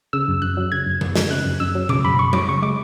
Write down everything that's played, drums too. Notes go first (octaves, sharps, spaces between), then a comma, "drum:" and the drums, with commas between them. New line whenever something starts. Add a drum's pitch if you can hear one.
C#3 E6
F#2
F#2 F#6
F#3
C#3 G#6
F#2
F#2, drum: tom D3
F#3, drum: snare
C#3 F#6
F#2
F#2 E6
F#3
C#3 D6, drum: tom B2
F#2 B5
F#2 C#6
F#3 D6, drum: tom F#3
C#3 C#6
G#3 D6